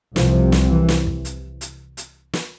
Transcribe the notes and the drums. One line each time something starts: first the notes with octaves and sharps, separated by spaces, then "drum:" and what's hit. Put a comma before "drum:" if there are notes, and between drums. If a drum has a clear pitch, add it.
C2 C3 F3, drum: snare
drum: snare
E3
drum: snare
drum: kick
drum: hi-hat
drum: hi-hat
drum: hi-hat
drum: snare